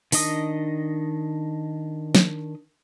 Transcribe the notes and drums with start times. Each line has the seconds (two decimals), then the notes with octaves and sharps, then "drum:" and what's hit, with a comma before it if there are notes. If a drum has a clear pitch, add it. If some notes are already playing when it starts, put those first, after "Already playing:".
0.12 D#3 D4 D#5 D#6, drum: open hi-hat
2.15 drum: snare